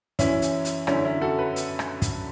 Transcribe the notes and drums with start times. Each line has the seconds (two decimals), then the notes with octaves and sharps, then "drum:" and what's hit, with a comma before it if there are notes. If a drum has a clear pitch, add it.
0.19 F#2 E3 C#4 E4, drum: kick, hi-hat
0.42 drum: hi-hat
0.65 drum: hi-hat
0.87 F#2 D3 F#3 C#4 E4, drum: rim click
1.05 C#4 E4
1.21 F#4 A4
1.39 B4
1.56 drum: hi-hat
1.79 drum: rim click
2.02 drum: kick, hi-hat